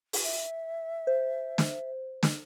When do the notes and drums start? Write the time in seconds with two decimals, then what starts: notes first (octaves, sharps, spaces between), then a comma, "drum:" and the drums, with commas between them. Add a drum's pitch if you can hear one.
0.13 drum: open hi-hat
0.24 E5
1.07 C5
1.58 drum: snare
2.23 drum: snare